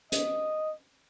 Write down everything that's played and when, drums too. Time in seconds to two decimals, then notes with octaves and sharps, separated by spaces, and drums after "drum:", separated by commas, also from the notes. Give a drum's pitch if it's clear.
0.12 D#5, drum: hi-hat